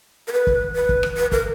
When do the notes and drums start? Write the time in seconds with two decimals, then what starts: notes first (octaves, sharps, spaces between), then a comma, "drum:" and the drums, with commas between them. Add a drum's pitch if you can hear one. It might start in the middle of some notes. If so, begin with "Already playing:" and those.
0.28 A#4
0.32 B4
0.47 drum: kick
0.75 B4
0.89 drum: kick
1.03 drum: rim click
1.17 B4
1.32 A#4, drum: kick